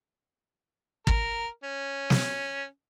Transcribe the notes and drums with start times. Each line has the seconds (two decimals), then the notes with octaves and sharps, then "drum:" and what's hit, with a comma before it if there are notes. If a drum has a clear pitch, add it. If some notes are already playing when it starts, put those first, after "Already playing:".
1.07 A#4, drum: kick
1.64 C#4
2.10 drum: snare